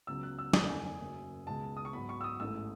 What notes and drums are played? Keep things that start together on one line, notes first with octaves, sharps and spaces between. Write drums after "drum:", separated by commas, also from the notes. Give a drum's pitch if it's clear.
C#2 C#3 F#3 B3 E6
F#6
E6
F#1 E2 D#3 A3 D#6, drum: snare
G#5
G#5
F#1 F#2 C#3
C#2 B2 G#3 A5
D#6
C#6
G#2 F#3 B3 B5
C#6
E6
D#6
A1 G#2 E3 A3 E6